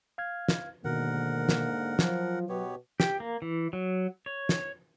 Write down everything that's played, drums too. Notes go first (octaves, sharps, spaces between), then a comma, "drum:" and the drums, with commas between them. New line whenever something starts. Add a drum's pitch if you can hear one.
F5 F6 G#6
drum: snare
G#2 B2 D3 D#3 A#3 A#4 F#5
drum: snare
F3 F#3, drum: snare
B2 B3 F#4 G4 B4 C#5
G4, drum: snare
A#3
E3
F#3
C#5
drum: snare